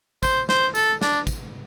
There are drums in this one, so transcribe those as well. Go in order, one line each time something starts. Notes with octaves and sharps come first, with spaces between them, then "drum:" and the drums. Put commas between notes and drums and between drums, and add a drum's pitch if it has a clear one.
C5, drum: kick, tambourine
C5, drum: snare
A4, drum: tambourine
D4, drum: snare
drum: kick, tambourine